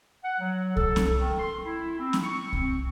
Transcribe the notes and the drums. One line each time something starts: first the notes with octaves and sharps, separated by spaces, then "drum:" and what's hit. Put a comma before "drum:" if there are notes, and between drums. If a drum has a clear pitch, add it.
F#5
F#3
A4, drum: kick C2
drum: snare
D#3
C6
E4
C4
drum: snare
C#6
C4, drum: kick C2